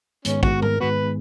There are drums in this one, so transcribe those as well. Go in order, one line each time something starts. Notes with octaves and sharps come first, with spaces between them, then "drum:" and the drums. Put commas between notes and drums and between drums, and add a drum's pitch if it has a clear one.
G#2 D#3 G#3 B3 C#4, drum: hi-hat
F#4, drum: kick
A#4, drum: tom
G#2 D#3 G#3 B3 F#4 B4